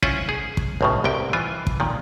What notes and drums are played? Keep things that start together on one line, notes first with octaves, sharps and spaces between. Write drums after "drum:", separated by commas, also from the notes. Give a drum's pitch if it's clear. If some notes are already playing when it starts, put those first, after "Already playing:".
C#4 E4 F4 C5 F#5 G#5, drum: kick
G#4
drum: kick
B1 A2 C#3
C2 C3 G5
E3 F4 G#5
drum: kick
A#2 D#3